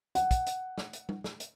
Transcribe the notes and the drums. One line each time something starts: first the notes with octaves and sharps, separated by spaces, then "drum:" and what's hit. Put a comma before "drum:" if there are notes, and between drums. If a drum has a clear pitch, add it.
F#5, drum: hi-hat
drum: kick, hi-hat
drum: hi-hat
drum: snare
drum: hi-hat
drum: tom
drum: snare
drum: hi-hat